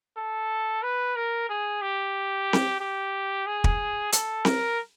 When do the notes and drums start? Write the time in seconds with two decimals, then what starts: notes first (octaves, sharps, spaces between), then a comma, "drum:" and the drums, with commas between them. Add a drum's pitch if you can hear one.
0.17 A4
0.83 B4
1.16 A#4
1.49 G#4
1.81 G4
2.53 drum: snare C4
2.81 G4
3.46 G#4
3.64 drum: kick
4.12 A4, drum: hi-hat
4.45 A#4, drum: snare C4